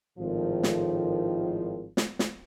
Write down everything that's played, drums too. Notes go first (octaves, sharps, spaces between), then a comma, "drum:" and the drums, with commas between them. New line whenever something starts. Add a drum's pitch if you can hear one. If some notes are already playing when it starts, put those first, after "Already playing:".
G#1 A2 D#3 F3
drum: snare
drum: snare
drum: snare